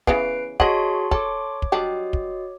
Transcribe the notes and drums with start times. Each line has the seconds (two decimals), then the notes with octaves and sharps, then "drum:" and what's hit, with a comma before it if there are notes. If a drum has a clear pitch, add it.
0.07 C#3 E3 B3 B4 C7 D7, drum: kick
0.60 F#4 G#4 C#5 D#5 F#5 A5 C6 C#6, drum: kick
1.11 A4 C#5 D6, drum: kick
1.62 drum: kick
1.72 F#3 G3 D4 F#4 D#5
2.13 drum: kick